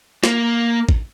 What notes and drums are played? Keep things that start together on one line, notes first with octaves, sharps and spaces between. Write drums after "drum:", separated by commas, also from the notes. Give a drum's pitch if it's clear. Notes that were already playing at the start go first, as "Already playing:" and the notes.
A#3, drum: snare
drum: kick